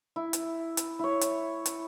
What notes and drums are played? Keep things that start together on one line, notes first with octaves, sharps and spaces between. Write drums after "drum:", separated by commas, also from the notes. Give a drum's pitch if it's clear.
E4
drum: hi-hat
drum: hi-hat
E4 C#5
drum: hi-hat
drum: hi-hat